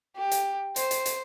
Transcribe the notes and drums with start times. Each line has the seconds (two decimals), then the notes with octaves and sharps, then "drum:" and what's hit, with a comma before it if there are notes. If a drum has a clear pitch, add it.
0.16 G4
0.32 drum: hi-hat
0.76 C5, drum: hi-hat
0.91 drum: hi-hat
1.06 drum: hi-hat